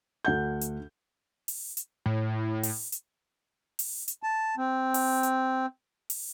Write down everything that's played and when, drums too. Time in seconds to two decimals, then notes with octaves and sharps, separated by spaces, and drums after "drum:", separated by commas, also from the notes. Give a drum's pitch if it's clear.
0.25 D2 F#5 G6
0.61 drum: hi-hat
1.48 drum: open hi-hat
1.77 drum: hi-hat
2.06 A2
2.63 drum: open hi-hat
2.92 drum: hi-hat
3.79 drum: open hi-hat
4.08 drum: hi-hat
4.23 A5
4.57 C4
4.94 drum: open hi-hat
5.23 drum: hi-hat
6.10 drum: open hi-hat